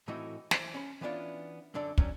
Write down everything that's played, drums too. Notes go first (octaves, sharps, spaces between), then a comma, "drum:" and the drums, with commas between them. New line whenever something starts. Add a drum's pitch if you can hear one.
A2 E3 A3 C4 D#4 F#4
E3 C5 D5, drum: snare
C#4 B5
E3 B3 C#4 D4 F4
F#2 D3 D4 D5
D3 D#3 F#3 C#4, drum: kick